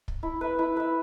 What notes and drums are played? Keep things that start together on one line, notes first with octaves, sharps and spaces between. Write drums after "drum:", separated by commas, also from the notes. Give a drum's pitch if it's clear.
drum: kick
E4
B4 E5
E4
B4 E5